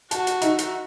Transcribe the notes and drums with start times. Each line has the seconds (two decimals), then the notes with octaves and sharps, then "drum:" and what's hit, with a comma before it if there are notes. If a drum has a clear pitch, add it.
0.11 F#4 A5, drum: hi-hat
0.27 drum: hi-hat
0.42 D#4 E4, drum: hi-hat
0.59 drum: hi-hat